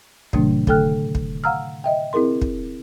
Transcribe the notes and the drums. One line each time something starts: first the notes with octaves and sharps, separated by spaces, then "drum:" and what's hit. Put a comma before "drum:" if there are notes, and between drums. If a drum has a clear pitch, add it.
A2 C3 D#3 F#3 A3 D4, drum: kick
D3 A3 A4 G5 F6 F#6, drum: kick
drum: kick
F5 F#5 A#5 E6 F6
D#5 E5 G5
C4 E4 G#4 A#4 C6
drum: kick